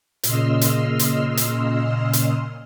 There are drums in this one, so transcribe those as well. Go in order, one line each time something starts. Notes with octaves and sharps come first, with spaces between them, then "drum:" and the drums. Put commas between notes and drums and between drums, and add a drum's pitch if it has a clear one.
A#2 C#3 D#5 C6 E6 F6, drum: hi-hat
drum: hi-hat
drum: hi-hat
drum: hi-hat
drum: hi-hat